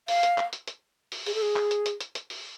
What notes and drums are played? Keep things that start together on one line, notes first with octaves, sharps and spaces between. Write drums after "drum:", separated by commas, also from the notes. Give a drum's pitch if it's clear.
F5, drum: open hi-hat
drum: hi-hat
drum: clap
drum: hi-hat
drum: hi-hat
drum: open hi-hat
G#4, drum: open hi-hat
A4
G#4
drum: clap
drum: hi-hat
drum: hi-hat
drum: hi-hat
drum: hi-hat
drum: open hi-hat